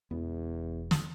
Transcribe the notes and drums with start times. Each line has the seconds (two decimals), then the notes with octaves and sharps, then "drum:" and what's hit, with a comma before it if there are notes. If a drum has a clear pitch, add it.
0.11 E1 E2 B3
0.91 drum: snare